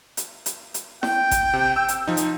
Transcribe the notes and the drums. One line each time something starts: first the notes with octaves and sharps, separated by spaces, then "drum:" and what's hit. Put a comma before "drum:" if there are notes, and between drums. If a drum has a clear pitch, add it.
drum: hi-hat
drum: hi-hat
drum: hi-hat
G5, drum: snare E4
drum: kick G#1, hi-hat
C3
E6
drum: hi-hat
F3 D#4
drum: hi-hat